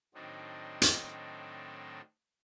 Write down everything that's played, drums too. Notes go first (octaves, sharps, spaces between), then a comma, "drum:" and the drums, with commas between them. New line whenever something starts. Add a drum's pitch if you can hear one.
A2 D#3 F#3 C4 D4 D#4
drum: hi-hat